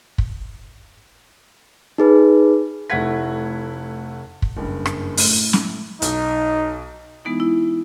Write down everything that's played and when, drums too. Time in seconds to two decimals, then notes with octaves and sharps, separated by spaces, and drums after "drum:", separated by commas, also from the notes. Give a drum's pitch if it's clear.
0.18 drum: kick
1.98 D#4 G#4 B4
2.90 F1 A3 E4 F#5 G#6 B6
4.42 drum: kick
4.57 F#1 G2
4.86 drum: rim click
5.17 A2, drum: open hi-hat
5.53 drum: snare
6.02 B1 D#4, drum: hi-hat
7.25 E3 G#3 B3 D#4 E4
7.40 E4